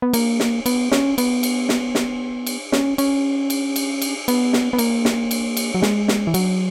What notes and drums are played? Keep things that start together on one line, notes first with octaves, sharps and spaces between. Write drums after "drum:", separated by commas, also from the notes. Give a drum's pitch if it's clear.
B3
A#3, drum: cymbal
drum: snare
B3, drum: cymbal
C#4, drum: snare
B3, drum: cymbal
drum: cymbal
drum: snare
drum: snare
drum: cymbal
C#4, drum: snare
C#4, drum: cymbal
drum: cymbal
drum: cymbal
drum: cymbal
B3, drum: cymbal
drum: snare
B3
A#3, drum: cymbal
drum: snare
drum: cymbal
drum: cymbal
F#3
G#3, drum: snare
drum: snare
E3
F#3, drum: cymbal